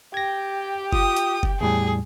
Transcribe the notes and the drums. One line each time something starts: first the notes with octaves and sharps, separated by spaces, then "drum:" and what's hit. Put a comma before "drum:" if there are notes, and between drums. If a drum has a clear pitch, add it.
G4 G5 G#6 A#6
F4 D#6, drum: kick
drum: hi-hat
drum: kick
E2 A2 G3 G#4